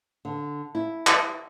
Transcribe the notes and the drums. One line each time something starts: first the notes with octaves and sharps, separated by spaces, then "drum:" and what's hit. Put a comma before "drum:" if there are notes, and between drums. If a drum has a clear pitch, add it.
D3
E4
drum: clap